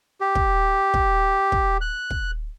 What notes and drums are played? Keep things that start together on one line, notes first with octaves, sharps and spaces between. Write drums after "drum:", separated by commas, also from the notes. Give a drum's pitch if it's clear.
G4
drum: kick
drum: kick
drum: kick
F#6
drum: kick